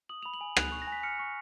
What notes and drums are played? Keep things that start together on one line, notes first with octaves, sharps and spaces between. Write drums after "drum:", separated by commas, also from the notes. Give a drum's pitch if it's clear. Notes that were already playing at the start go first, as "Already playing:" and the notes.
D#6 F#7
B5 F7
F#7
G#5
F#6 F7, drum: rim click
C#6
A#6
G#5
B6
F6 C#7
C#6